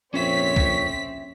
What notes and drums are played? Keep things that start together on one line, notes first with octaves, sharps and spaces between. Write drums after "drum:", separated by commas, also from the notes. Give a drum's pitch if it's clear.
A#1 F2 C4 C#4 C#5 E5 B6
drum: kick C2